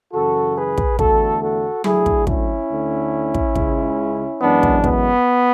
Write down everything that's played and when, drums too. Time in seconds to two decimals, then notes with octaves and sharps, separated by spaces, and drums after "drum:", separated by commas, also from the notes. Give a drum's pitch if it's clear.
0.13 F#2 C#3 E3 F#4 A4
0.56 G#4 B4
0.78 drum: kick
0.99 E2 D3 A3 F#4 A4, drum: kick
1.42 F#4 A4
1.84 D2 D3 F#3 A3 E4 G#4, drum: tom F#3
2.06 drum: kick
2.27 C#4 E4, drum: kick
2.70 D2 D3 A3
3.35 drum: kick
3.56 C#2 C#3 G#3, drum: kick
4.41 F#2 E3 G#3 B3 D4
4.63 drum: kick
4.84 B3, drum: kick